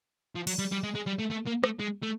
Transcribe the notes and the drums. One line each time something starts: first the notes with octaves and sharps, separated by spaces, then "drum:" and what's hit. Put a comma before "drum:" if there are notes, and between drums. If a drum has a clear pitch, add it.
F3
F#3, drum: cymbal
G3
G3
G#3
G#3
G3
A3
A3
A#3
A3, drum: rim click
G#3
A3